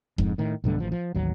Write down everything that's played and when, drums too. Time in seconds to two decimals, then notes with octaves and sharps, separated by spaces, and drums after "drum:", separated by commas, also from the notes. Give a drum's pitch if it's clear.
0.18 F2 G#2, drum: kick D#1
0.38 A2 D#3
0.64 B1 G2 D3 A3
0.80 A1 F3
0.92 F3
1.14 A1 D#2 F#3